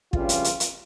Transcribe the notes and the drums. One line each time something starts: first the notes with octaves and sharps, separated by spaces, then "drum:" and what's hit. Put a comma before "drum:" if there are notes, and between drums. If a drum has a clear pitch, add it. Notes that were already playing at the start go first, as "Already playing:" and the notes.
F2 C#3 E3 G3 C#4 F4, drum: kick
drum: hi-hat
drum: hi-hat
drum: hi-hat